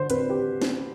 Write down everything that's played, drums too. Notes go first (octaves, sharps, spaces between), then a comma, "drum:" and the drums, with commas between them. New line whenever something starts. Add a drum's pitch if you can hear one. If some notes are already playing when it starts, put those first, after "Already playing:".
Already playing: D3 C5
C4 B4, drum: hi-hat
G4
drum: snare